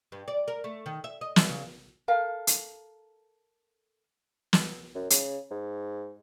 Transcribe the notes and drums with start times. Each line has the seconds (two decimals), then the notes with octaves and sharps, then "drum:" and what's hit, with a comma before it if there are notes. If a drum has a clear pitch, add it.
0.12 G2
0.28 D5
0.48 A#4
0.64 A3
0.86 D#3
1.04 E5
1.21 D#5
1.36 E5, drum: snare
1.49 C#3
2.08 A4 A#4 F5
2.47 drum: hi-hat
4.53 drum: snare
4.95 F#2
5.10 C#3, drum: hi-hat
5.51 G#2